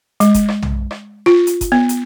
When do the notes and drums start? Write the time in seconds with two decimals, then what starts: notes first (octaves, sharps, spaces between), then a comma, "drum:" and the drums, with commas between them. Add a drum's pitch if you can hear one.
0.20 G#3, drum: hi-hat
0.34 drum: kick F#1, hi-hat
0.48 drum: rim click
0.62 drum: tom B1
0.91 drum: rim click
1.26 F4
1.47 drum: hi-hat
1.61 drum: kick F#1, hi-hat
1.72 B3
1.89 drum: hi-hat